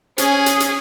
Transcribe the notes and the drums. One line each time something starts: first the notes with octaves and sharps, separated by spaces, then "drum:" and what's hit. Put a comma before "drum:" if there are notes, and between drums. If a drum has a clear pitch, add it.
C#4 G#4, drum: hi-hat
drum: hi-hat
drum: hi-hat